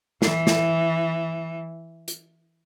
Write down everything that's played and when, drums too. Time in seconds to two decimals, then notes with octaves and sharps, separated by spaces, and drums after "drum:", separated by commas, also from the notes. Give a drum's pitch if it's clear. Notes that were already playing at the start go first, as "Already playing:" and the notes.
0.22 E3, drum: snare
0.47 drum: snare
2.08 drum: hi-hat